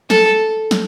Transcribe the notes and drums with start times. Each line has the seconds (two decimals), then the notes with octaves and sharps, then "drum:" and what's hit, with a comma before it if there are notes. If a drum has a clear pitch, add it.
0.10 A4, drum: snare
0.71 drum: snare